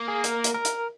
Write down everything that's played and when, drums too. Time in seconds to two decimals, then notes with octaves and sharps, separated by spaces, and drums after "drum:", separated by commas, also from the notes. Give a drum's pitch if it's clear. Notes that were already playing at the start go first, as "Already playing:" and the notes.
Already playing: A#3
0.08 G#4
0.24 A#4, drum: hi-hat
0.44 drum: hi-hat
0.54 A#4
0.65 drum: hi-hat